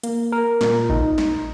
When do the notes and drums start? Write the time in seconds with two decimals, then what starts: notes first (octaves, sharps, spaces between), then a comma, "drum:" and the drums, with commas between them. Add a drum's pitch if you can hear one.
0.04 A#3, drum: hi-hat
0.32 A#4
0.61 A#2, drum: snare
0.90 D#4, drum: kick A1
1.18 drum: snare